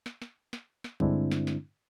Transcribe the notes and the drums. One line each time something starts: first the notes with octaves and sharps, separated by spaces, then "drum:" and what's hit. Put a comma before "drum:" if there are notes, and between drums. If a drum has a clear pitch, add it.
drum: snare
drum: snare
drum: snare
drum: snare
G2 D3 G#3 C4 D4 E4, drum: kick A#1
drum: snare
drum: snare